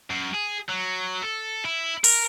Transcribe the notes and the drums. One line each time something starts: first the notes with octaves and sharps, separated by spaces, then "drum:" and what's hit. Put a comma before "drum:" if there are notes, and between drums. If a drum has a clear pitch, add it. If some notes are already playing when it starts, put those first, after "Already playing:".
F#2
G#4
F#3
A4
E4
A#4, drum: open hi-hat